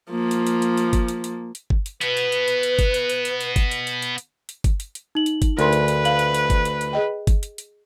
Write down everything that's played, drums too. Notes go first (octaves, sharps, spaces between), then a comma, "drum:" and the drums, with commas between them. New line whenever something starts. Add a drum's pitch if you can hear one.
F3 A#3
drum: hi-hat
drum: hi-hat
drum: hi-hat
drum: hi-hat
drum: kick G1, hi-hat
drum: hi-hat
drum: hi-hat
drum: hi-hat
drum: kick G1
drum: hi-hat
B2 B3 B4, drum: hi-hat
drum: hi-hat
drum: hi-hat
drum: hi-hat
drum: hi-hat
drum: kick G1, hi-hat
drum: hi-hat
drum: hi-hat
drum: hi-hat
drum: hi-hat
drum: kick G1, hi-hat
drum: hi-hat
drum: hi-hat
drum: hi-hat
drum: hi-hat
drum: hi-hat
drum: kick G1, hi-hat
drum: hi-hat
drum: hi-hat
D#4 F#7
drum: hi-hat
drum: kick G1, hi-hat
D2 A#4 B4 C6, drum: hi-hat
drum: hi-hat
drum: hi-hat
F5 F#7, drum: hi-hat
drum: hi-hat
drum: hi-hat
drum: kick G1, hi-hat
drum: hi-hat
drum: hi-hat
G#4 D#5 G5
drum: kick G1, hi-hat
drum: hi-hat
drum: hi-hat